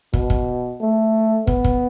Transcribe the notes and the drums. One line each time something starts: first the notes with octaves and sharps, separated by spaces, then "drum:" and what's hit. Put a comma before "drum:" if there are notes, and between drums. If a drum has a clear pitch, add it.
B2, drum: kick
drum: kick
A3
B3, drum: kick
drum: kick